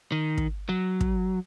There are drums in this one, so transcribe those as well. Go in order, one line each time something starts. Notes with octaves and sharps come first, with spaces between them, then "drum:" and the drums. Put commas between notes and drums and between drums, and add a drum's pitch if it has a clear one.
D#3
drum: kick
F#3
drum: kick